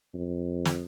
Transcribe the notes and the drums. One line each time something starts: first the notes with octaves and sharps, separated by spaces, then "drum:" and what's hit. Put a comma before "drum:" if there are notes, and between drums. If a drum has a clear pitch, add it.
F2
drum: snare